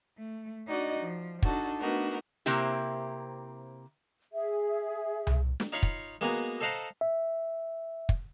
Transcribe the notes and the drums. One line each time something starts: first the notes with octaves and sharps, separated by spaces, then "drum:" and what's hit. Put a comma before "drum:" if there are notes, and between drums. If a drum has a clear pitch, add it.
A3
D4 D#4 F#4 D5 D#5
F3
D4 D#4 F#4 A4, drum: kick
A3 B3 D4 D#4 F#4 A#4
C3 A#3 C4 E4 G4
G#4 E5
drum: tom C2
drum: snare
D#4 F4 C#5 F5 B5 C#6
drum: kick
G#3 A#3 B3 F#4 G#5 A#5
A4 C5 D#5 F5 F#5 A#5
E5
drum: kick